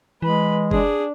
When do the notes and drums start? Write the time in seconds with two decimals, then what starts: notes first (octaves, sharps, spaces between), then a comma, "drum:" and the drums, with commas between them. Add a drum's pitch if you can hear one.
0.22 E3 G#3 B4 B5
0.71 D4 G#4, drum: kick F#1